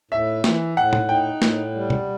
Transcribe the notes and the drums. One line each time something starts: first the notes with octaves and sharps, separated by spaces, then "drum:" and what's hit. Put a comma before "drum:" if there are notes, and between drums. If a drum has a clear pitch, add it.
A2 E5
E3, drum: snare
A2 F#5
drum: tom A2
D#4 G5
A2, drum: snare
G3
drum: tom B2